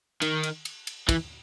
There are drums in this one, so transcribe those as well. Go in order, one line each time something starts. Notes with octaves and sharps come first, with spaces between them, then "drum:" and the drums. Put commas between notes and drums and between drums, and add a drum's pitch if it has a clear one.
D#3, drum: cymbal
drum: cymbal
drum: cymbal
drum: cymbal
E3, drum: kick, cymbal